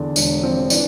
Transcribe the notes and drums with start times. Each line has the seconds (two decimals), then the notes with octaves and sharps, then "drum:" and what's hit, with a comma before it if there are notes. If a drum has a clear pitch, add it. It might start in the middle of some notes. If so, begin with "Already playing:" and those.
Already playing: E2 D3 D4
0.16 E1 D4, drum: tambourine
0.43 F3 C4
0.70 E3 D4, drum: tambourine